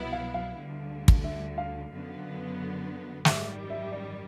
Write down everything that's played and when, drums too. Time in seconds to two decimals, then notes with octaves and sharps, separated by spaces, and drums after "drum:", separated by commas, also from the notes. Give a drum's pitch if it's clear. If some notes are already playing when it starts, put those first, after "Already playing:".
Already playing: C2 B2 F#3 B3 E4
0.13 F5
0.34 F5
0.57 D2 D3 G3
1.08 drum: kick
1.24 E5
1.58 F5
1.91 F#2 D3 F#3 B3
3.25 G#1 F#2 D#3 G3 E5, drum: snare
3.70 E5
3.92 D5